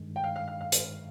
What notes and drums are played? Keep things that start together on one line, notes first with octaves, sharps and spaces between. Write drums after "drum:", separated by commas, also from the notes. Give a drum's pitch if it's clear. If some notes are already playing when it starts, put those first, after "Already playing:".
Already playing: G2 D#3 G#3
G5
F5
F5
F5
F5
drum: hi-hat